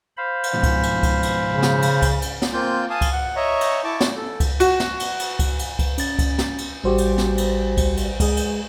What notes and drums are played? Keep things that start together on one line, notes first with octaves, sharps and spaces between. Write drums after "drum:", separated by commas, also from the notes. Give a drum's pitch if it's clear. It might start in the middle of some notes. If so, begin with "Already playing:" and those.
C5 F5 B5
drum: cymbal
G#2 B2 F3
drum: kick C#2, cymbal
drum: cymbal
drum: kick C#2, cymbal
drum: cymbal
C#3
drum: snare
drum: cymbal
drum: kick C#2, cymbal
drum: cymbal
drum: snare
A#3 C4 F4 G6
F5 G#5 A5 D#6
drum: kick C#2, cymbal
F#5
C#5 D#5 E5 A#5 C#6
drum: cymbal
E4 A5 C#6 D6
drum: snare
A4
drum: kick C#2, cymbal
F#4, drum: cymbal
drum: snare
drum: cymbal
drum: cymbal
drum: kick C#2, cymbal
drum: cymbal
drum: kick C#2, cymbal
C#4 A6, drum: cymbal
drum: kick C#2, cymbal
drum: snare
drum: cymbal
A1 G3 F#4 G4 C5
drum: cymbal
drum: snare
drum: cymbal
drum: kick C#2, cymbal
drum: cymbal
G#3 G#4, drum: kick C#2, cymbal
drum: cymbal